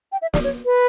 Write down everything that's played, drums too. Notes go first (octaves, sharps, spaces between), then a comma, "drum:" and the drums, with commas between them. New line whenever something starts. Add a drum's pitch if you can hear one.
G5
E5
D5, drum: snare
C#5
B4